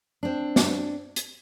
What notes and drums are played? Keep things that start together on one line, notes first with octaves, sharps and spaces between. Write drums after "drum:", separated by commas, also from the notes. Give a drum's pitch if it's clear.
C4 D4
drum: snare
drum: hi-hat